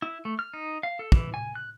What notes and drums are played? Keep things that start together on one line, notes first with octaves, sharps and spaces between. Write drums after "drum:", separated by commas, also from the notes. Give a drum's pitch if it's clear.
E4
A3
F6
D#4
F5
A4
E3, drum: kick
G#5
F#6